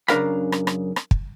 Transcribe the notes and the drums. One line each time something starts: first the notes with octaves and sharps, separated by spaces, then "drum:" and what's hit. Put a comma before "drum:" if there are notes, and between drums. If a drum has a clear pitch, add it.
F#2 C#3 D4 A#4 F5 B5, drum: rim click
drum: rim click
drum: rim click
drum: rim click
drum: kick